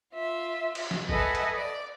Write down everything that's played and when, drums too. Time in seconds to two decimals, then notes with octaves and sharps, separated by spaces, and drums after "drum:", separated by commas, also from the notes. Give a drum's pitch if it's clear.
0.12 F4 E5
0.75 drum: cymbal
0.91 drum: snare
1.09 A4 B4 D#5 E5 F#5 G#5, drum: kick
1.35 drum: hi-hat
1.55 D5